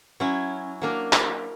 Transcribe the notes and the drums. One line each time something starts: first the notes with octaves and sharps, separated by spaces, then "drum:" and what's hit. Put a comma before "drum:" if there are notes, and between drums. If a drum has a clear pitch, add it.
F#3 C#4 E4
F#3 A#3 D4 A#4
drum: clap